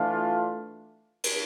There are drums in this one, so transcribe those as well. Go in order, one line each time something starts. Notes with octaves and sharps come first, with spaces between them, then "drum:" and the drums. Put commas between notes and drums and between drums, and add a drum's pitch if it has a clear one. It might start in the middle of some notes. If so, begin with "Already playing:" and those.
Already playing: E3 A3 D4 F4
drum: cymbal